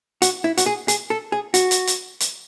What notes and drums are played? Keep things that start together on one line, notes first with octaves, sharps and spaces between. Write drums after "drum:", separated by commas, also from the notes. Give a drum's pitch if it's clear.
F#4, drum: hi-hat
E4
F#4, drum: hi-hat
G#4
G#4, drum: hi-hat
A4
G#4
F#4, drum: hi-hat
drum: hi-hat
drum: hi-hat
drum: hi-hat